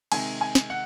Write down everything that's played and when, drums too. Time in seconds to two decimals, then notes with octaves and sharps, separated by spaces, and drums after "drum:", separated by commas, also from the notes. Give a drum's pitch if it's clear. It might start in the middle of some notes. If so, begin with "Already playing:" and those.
0.12 C3 D#3 G#3 G#5, drum: cymbal
0.41 G#5
0.55 drum: snare
0.70 F#5